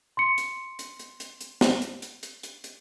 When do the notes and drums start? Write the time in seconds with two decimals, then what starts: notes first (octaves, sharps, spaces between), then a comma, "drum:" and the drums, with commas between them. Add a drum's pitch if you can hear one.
0.17 C6 C#7
0.38 drum: hi-hat
0.79 drum: hi-hat
0.99 drum: hi-hat
1.20 drum: hi-hat
1.41 drum: hi-hat
1.61 drum: snare
1.82 drum: hi-hat
2.02 drum: hi-hat
2.23 drum: hi-hat
2.43 drum: hi-hat
2.64 drum: hi-hat